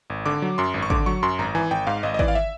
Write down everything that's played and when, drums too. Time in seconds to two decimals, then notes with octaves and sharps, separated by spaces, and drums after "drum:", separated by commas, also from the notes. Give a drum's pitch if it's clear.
0.10 G#1
0.26 D3 D6
0.42 F#3
0.58 F#2 C6
0.74 G#1
0.82 C#6
0.90 D3 D6, drum: kick
1.06 F#3 C#6
1.23 F#2 C6
1.39 G#1 A#5
1.55 E3 G#5
1.71 G#1 G5
1.87 G#2 F5
2.03 G#1 D#5
2.14 D#5
2.19 E3 D5, drum: kick
2.28 F5
2.35 E5